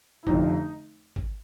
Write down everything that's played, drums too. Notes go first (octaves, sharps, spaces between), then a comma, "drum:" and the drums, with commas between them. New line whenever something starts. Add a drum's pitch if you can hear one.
E4
F1 F2 D3 F3 D#4, drum: kick G#1
drum: kick G#1